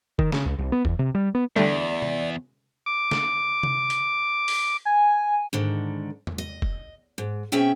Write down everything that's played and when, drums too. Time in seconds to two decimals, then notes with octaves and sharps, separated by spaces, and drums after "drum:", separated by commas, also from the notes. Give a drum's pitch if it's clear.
0.19 D#3, drum: kick
0.32 C#3, drum: snare
0.46 C#2
0.58 C2
0.72 B3
0.85 E2, drum: kick
0.99 C3
1.15 G3
1.35 B3
1.56 E2 D3 G3 A3 D5
2.02 drum: tom C3
2.86 D6
3.11 drum: snare
3.63 drum: tom C3
3.90 drum: hi-hat
4.48 drum: open hi-hat
4.85 G#5
5.53 G#2 D3 D#3
6.27 drum: tom E2
6.38 D#5
6.62 drum: kick
7.18 G#2
7.52 B2 C4 C#4 G#4 E5 G5